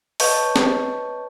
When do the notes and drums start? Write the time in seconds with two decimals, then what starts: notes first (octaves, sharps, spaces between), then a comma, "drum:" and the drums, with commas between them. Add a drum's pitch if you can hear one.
0.20 B4 C#5 D#5 A5 C#6 G6, drum: open hi-hat
0.56 drum: snare